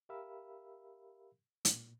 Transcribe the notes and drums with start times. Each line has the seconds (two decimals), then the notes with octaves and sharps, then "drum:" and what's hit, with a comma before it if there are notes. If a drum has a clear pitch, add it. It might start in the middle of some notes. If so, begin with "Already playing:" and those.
0.09 G4 A#4 E5 F5 B5 E6
1.65 A#2, drum: hi-hat